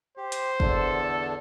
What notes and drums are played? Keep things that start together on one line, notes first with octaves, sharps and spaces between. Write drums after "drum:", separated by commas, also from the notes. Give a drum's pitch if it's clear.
G4 C5
drum: hi-hat
E2 D3 A4, drum: kick